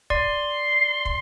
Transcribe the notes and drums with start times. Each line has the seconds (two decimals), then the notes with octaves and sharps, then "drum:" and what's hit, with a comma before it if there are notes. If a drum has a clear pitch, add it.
0.10 D5 C6, drum: kick
1.05 drum: kick